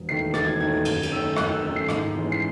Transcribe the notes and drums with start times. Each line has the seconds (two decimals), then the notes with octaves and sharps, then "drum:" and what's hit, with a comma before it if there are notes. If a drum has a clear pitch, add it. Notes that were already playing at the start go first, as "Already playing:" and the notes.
Already playing: E1
0.09 D#2 D#3 A3 C7
0.34 E1 A6, drum: rim click
0.46 G#6
0.59 D#2 D#3 A3 G#6
0.73 G#6
0.85 F#2 G#6, drum: cymbal
1.03 drum: cymbal
1.12 D#3 A3 C#4 E6
1.37 F#2 F#6, drum: rim click
1.50 E6
1.62 D#3 A3 C#4 E6
1.76 C7
1.89 G#2, drum: rim click
2.15 E3 G#3 C#4
2.32 C7